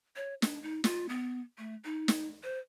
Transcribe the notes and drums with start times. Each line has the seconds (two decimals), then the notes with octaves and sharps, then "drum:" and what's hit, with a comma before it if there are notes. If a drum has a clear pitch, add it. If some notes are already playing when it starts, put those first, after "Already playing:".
0.16 C#5
0.42 D4, drum: snare
0.63 D#4
0.84 F4, drum: snare
1.09 B3
1.58 A3
1.85 D#4
2.08 drum: snare
2.43 C5